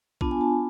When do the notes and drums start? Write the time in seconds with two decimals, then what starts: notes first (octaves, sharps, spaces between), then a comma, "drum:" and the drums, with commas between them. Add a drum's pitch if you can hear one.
0.21 B3 D4 F4 A5, drum: kick A#1
0.31 G#5
0.41 A5